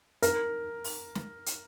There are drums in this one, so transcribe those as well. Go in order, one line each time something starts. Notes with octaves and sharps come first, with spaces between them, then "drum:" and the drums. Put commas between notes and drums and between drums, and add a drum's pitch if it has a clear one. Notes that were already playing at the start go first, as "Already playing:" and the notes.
A#4, drum: hi-hat
drum: open hi-hat
drum: snare
drum: hi-hat